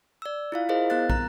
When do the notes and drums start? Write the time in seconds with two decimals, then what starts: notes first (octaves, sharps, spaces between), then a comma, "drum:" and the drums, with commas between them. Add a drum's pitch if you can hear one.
0.22 D5 E6
0.52 E4 F4 F5
0.69 E4 G#4 A#4 C5 D#5 F5
0.90 B3 A#4 F#6 A6
1.10 A#5 F#6, drum: kick